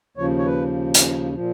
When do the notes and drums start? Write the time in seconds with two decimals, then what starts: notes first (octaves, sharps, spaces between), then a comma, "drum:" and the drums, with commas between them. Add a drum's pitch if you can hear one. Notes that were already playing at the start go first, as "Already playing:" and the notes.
0.17 D#2 C#3 F3 C#5
0.39 C#5
0.46 B4
0.94 drum: hi-hat
1.33 A#2 F3